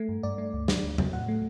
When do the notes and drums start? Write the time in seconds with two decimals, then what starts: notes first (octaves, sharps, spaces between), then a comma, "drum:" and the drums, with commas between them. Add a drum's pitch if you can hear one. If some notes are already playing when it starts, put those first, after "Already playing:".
Already playing: A3
0.09 G2
0.23 G2 D5
0.38 A3
0.53 D2
0.68 F#3, drum: snare
0.83 D2
0.98 F#3, drum: tom E2
1.13 A2 F#5
1.28 A3